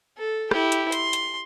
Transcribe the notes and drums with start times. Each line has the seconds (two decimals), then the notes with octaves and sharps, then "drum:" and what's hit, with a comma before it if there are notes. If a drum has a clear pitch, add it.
0.17 A4
0.51 E4 G4, drum: rim click
0.72 drum: hi-hat
0.92 C6, drum: hi-hat
1.13 drum: hi-hat